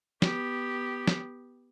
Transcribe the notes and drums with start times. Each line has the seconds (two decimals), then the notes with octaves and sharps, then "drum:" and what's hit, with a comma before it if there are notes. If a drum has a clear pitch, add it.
0.22 B3 G4, drum: snare
1.08 drum: snare